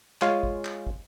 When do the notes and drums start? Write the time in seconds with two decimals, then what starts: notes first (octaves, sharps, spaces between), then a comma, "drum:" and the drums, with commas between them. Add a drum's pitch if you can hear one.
0.22 G#3 F4 C#5 F5 G#5, drum: clap
0.43 drum: kick
0.65 drum: clap
0.87 drum: kick